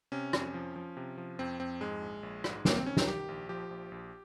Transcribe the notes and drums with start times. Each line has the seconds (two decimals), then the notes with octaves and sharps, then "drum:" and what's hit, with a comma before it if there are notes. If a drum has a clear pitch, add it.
0.12 C3 C#4
0.33 F2, drum: rim click
0.54 F3
0.76 F3
0.97 C3
1.18 F3
1.39 F2 C4
1.60 F2 C4
1.81 G#2 G#3
2.02 A#1
2.23 A#1
2.44 G#2, drum: rim click
2.65 A#1 A#3, drum: snare
2.76 C4
2.86 D#3 C#4
2.97 D#4, drum: snare
3.07 D#3 G4
3.29 A#1
3.49 F3 G4
3.71 A#1
3.92 A#1